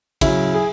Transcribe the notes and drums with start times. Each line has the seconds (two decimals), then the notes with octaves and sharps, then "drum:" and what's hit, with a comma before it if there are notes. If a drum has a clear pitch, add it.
0.21 C#3 F#3 E4, drum: kick, cymbal
0.54 G#4